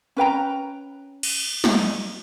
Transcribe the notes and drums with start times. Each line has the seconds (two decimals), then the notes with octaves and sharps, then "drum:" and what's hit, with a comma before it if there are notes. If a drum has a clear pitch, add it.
0.17 C#4 B4 G5 A#5
1.23 drum: cymbal
1.64 drum: snare